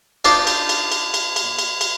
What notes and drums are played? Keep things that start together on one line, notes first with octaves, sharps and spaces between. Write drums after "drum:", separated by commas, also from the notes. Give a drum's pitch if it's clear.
D4 D#4 F4 C5 D5, drum: cymbal
drum: cymbal
drum: cymbal
drum: cymbal
drum: cymbal
drum: cymbal
drum: cymbal
drum: cymbal